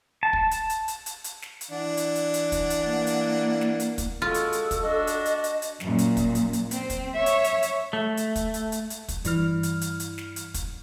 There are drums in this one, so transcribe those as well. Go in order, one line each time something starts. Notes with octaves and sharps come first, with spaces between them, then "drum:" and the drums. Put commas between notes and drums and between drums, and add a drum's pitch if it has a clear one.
A5
drum: kick
drum: hi-hat
drum: hi-hat
drum: hi-hat
drum: hi-hat
drum: hi-hat
drum: snare
drum: hi-hat
E3 D4 F#5
drum: hi-hat
drum: hi-hat
drum: hi-hat
drum: kick, hi-hat
drum: hi-hat
A#3
drum: hi-hat
drum: snare
drum: hi-hat
drum: kick, hi-hat
G#3 F4 F#4 A4
drum: hi-hat
drum: hi-hat
drum: kick, hi-hat
D4 F#4 D#5
drum: hi-hat
drum: hi-hat
drum: hi-hat
drum: hi-hat
F#2 A#2, drum: snare
drum: hi-hat
drum: kick, hi-hat
drum: hi-hat
drum: hi-hat
C4, drum: hi-hat
drum: kick, hi-hat
C#5 E5
drum: hi-hat
drum: hi-hat
drum: hi-hat
A3
drum: hi-hat
drum: kick, hi-hat
drum: hi-hat
drum: hi-hat
drum: hi-hat
drum: kick, hi-hat
G2 E3 F6, drum: hi-hat
drum: hi-hat
drum: hi-hat
drum: hi-hat
drum: snare
drum: hi-hat
drum: kick, hi-hat